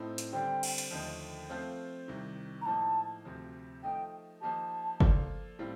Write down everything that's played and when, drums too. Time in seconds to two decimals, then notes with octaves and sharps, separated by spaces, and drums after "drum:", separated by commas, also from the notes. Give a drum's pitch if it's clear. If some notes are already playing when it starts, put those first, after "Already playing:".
Already playing: A2 A3 C4 D#4
0.18 drum: hi-hat
0.33 D3 G3 C4 G5
0.63 drum: cymbal
0.78 drum: hi-hat
0.90 D#2 D3 F3 A3 D#4
1.50 F3 A3 C4 F4
2.08 C2 C3 D#3
2.62 A#5
2.66 A2 F3 A#3 D#4 A5
3.25 D2 C3 F3
3.84 F3 A3 D#4 G5
4.41 F3 A#3 D#4 G4 A5
5.00 F3 A#3 F4 A4 D5, drum: kick F#1
5.59 A2 G3 C4 F4